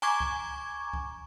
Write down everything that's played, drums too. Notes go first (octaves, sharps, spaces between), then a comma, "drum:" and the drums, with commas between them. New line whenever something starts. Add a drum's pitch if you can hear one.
G#5 A#5 C#6 D6 G#6
drum: kick C2
drum: kick C2